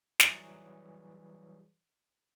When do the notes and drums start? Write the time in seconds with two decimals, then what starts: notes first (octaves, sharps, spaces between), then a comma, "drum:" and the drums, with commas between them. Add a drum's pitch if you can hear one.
0.20 E3 F#3 G3 G#4 B4 C#5, drum: snare